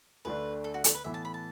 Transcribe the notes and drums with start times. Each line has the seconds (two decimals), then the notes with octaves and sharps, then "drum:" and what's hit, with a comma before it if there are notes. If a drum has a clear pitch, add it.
0.25 D2 D3 A3 D4 B4
0.64 A4
0.74 F#4
0.84 A4, drum: hi-hat
0.94 B4
1.04 A2 E3 B3 E5
1.14 A5
1.25 B5
1.34 A5